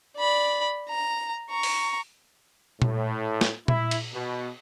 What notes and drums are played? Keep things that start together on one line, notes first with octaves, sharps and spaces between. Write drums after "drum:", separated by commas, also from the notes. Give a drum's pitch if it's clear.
D5 B5
A#5
A#5 C#6
drum: open hi-hat
A2, drum: tom A#2
drum: snare
E4, drum: tom A#2
drum: cymbal
B2